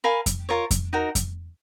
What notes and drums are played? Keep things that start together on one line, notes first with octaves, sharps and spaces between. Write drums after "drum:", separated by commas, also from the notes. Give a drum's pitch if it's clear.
A#4 F5 G#5 B5
drum: kick F2, hi-hat
F4 A#4 C#5
drum: kick F2, hi-hat
D#4 F#4 A#4
drum: kick F2, hi-hat